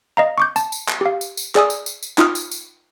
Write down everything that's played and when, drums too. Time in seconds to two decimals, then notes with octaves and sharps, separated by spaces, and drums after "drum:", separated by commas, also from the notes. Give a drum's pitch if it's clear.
0.17 D#5 F5 A#5
0.38 C#6 D6 G6
0.56 A5, drum: tambourine
0.72 drum: tambourine
0.88 drum: clap
1.01 G4 F5
1.21 drum: tambourine
1.37 drum: tambourine
1.55 G#4 D5 G#5 D#6 E6, drum: clap
1.70 drum: tambourine
1.86 drum: tambourine
2.03 drum: tambourine
2.18 D#4 F4 D#6 F6, drum: clap
2.35 drum: tambourine
2.51 drum: tambourine